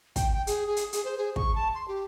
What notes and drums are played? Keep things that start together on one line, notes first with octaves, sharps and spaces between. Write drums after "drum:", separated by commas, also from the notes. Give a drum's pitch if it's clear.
G5, drum: kick, hi-hat
G5
G#4, drum: hi-hat
G#4
drum: hi-hat
G#4, drum: hi-hat
C5
G#4
C#6, drum: kick
A5
C6
G4